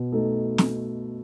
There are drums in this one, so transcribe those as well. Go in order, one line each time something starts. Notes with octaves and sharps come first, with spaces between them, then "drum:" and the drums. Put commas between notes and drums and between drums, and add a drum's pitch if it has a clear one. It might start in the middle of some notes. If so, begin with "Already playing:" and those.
Already playing: B2
A3 D#4 A4
drum: snare